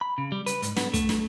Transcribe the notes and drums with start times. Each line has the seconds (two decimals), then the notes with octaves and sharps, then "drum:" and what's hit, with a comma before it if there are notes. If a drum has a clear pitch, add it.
0.01 B5
0.18 C#3
0.32 G3
0.46 B4, drum: hi-hat
0.62 G#2, drum: hi-hat
0.76 B3, drum: snare
0.94 A3, drum: kick, hi-hat
1.09 drum: snare